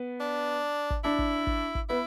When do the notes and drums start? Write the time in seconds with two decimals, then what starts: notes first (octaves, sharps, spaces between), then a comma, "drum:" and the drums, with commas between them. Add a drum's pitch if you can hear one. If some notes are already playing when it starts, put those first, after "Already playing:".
Already playing: B3
0.20 D4
0.90 drum: kick
1.04 D4 E4
1.19 drum: kick
1.47 drum: kick
1.75 drum: kick
1.89 B3 E4